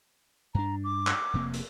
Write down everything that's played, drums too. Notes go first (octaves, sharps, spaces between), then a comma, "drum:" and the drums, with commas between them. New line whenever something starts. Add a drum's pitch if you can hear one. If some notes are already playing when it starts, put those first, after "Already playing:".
G2 D4 A#5
D6
drum: clap
F1 C3 A#3
drum: hi-hat